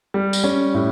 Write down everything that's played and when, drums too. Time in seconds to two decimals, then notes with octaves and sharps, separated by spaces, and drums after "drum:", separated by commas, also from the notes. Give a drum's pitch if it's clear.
0.14 G3
0.33 drum: tambourine
0.44 G3 C#4
0.74 A2